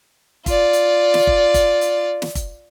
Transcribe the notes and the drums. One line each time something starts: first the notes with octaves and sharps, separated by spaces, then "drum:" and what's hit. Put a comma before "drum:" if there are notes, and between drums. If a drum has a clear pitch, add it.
F4 D5, drum: kick, hi-hat
drum: hi-hat
drum: snare
drum: kick
drum: kick, hi-hat
drum: hi-hat
drum: snare
drum: kick, hi-hat